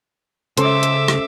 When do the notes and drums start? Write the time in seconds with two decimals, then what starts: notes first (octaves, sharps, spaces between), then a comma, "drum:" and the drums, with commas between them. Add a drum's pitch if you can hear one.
0.57 C#2 C#4 A4 C5 E5 D6 E6, drum: hi-hat
0.83 drum: hi-hat
1.08 drum: rim click